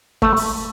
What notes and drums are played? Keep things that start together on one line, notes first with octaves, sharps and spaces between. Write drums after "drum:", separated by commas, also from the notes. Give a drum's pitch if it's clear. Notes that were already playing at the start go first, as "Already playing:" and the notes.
A3, drum: kick
drum: open hi-hat